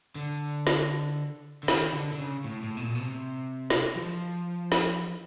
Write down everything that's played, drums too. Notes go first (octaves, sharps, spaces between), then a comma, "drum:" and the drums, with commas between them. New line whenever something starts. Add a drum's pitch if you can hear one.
D3
drum: snare
D3
D#3, drum: snare
D3
D3
C#3
A2
A2
B2
A#2
B2
C3
drum: snare
F3
drum: snare